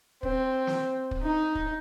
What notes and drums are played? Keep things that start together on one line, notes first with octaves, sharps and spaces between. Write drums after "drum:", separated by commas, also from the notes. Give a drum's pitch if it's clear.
C4, drum: kick
drum: snare
drum: kick
D#4
drum: kick